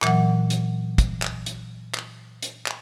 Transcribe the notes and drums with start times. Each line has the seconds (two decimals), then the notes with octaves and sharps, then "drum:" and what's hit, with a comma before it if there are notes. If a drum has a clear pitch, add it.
0.02 A#2 E3 F#3 F#5, drum: clap
0.50 drum: hi-hat
0.98 drum: kick, hi-hat
1.22 drum: clap
1.46 drum: hi-hat
1.94 drum: clap
2.43 drum: hi-hat
2.67 drum: clap